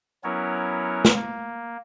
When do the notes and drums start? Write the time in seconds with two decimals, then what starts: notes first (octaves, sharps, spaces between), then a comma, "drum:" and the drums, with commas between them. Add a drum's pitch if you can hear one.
0.24 F#3 B3 C#4 E4 A#4 C#5
1.05 drum: snare
1.15 A#3